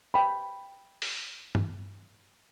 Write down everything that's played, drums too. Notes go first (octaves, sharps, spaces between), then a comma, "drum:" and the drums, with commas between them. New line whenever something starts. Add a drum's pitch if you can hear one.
G5 B5
drum: open hi-hat
drum: tom G2